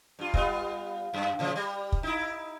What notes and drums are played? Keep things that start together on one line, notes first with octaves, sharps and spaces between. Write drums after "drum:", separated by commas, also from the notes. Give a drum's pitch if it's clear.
G2 F4
G3 B3 F4, drum: kick
F#2
A2 C#3 F3
G3
drum: kick
D#4 E4